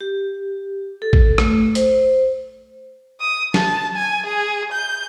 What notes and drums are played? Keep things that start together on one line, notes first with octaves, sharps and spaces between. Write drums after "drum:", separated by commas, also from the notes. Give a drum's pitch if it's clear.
G4
A4
drum: kick
A3, drum: rim click
C5, drum: hi-hat
D#6
A5, drum: snare
G#5
G#4
G6